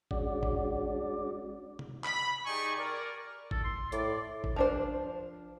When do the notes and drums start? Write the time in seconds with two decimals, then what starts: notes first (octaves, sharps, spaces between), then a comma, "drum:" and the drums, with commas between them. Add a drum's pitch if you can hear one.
0.11 G#3 C#4 D4 F#4 D5, drum: kick G#1
0.43 drum: kick G#1
1.79 drum: tom C3
2.04 B5, drum: clap
2.46 D#4 G4 G#4 D5 G#5 C#6
2.77 A#4 D5
3.51 A4, drum: kick G#1
3.64 C6
3.92 A2 D5, drum: hi-hat
4.44 drum: kick G#1
4.56 F3 D4 C5